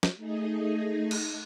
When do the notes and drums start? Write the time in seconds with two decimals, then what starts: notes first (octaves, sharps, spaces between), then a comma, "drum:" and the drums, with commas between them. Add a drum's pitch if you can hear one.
0.03 drum: snare
0.16 A3 D#4 G#4 D#5
1.11 drum: cymbal